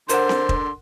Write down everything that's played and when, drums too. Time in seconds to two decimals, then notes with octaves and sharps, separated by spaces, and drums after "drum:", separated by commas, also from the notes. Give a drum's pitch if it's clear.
0.09 D3 A#4 C5 F#5 C6, drum: hi-hat
0.29 drum: snare C4
0.49 drum: kick